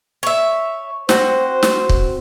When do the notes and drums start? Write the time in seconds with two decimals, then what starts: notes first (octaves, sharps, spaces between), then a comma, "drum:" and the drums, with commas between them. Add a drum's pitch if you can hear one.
0.23 C#5 E5
1.09 C4 F#4 C5, drum: snare
1.63 drum: snare
1.89 drum: kick